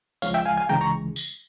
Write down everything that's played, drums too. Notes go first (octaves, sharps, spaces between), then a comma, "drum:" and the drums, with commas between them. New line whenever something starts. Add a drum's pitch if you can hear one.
C#2 C#3 F3 G#3 C#5 F5, drum: tambourine
E5 G5
F5 G#5
F5 G#5
C#2 C#3 E3 G#3 G5 A#5
A#5 C#6
drum: tambourine